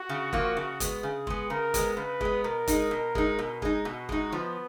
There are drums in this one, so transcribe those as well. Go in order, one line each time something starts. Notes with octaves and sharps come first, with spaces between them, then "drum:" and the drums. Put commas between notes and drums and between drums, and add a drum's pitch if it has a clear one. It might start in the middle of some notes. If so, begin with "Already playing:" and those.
Already playing: F#4
C#3
F3 A#3 F4, drum: kick
C#3
G#3 B3, drum: kick, hi-hat
C#3 G#4
G#3 B3, drum: kick
C#3 A#4
G#3 B3, drum: kick, hi-hat
C#3 B4
G#3 B3, drum: kick
B2 A#4
G#3 D#4, drum: kick, hi-hat
B2
G#3 D#4, drum: kick
B2
G#3 D#4, drum: kick
B2 F#4
G#3 D#4, drum: kick
F3 B3